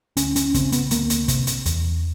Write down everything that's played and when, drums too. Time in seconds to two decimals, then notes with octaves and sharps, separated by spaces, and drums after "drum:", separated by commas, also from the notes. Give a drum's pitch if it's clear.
0.17 D2 C#4, drum: hi-hat
0.36 C#4, drum: hi-hat
0.54 C#3 C4, drum: kick, hi-hat
0.72 B3, drum: hi-hat
0.91 D2 A#3, drum: hi-hat
1.10 drum: hi-hat
1.28 C3, drum: kick, hi-hat
1.47 drum: hi-hat
1.66 E2, drum: hi-hat